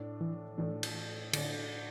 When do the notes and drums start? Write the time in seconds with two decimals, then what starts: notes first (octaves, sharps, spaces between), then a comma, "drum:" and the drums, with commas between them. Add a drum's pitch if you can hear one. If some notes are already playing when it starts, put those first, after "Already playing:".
Already playing: A2 A3 D4
0.21 E3
0.58 A2 E3 A3 D4
0.83 drum: cymbal
1.33 A2 D3 A3 D4, drum: cymbal